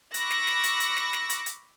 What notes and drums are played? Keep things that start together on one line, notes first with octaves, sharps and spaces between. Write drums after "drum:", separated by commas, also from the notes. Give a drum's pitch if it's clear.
B5 C#6 D6 E6 F#6 A#6, drum: hi-hat
drum: snare
drum: snare
drum: hi-hat
drum: hi-hat
drum: snare
drum: snare
drum: hi-hat
drum: hi-hat